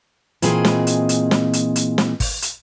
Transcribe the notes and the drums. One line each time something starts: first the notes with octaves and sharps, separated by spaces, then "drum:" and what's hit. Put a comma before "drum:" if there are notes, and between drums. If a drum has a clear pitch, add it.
A#2 E3 C4 G#4 D#5, drum: hi-hat
drum: snare
drum: hi-hat
drum: hi-hat
drum: snare
drum: hi-hat
drum: hi-hat
drum: snare
drum: kick, open hi-hat
drum: hi-hat